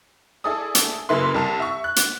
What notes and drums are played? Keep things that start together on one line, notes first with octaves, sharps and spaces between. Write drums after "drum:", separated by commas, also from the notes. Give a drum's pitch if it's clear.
E4 G#4 A4 D5 D#6
drum: hi-hat
F#2 C#3 A#3 E4 B4 C6
C2 A#4 A5
E5 C#6
F#6
drum: hi-hat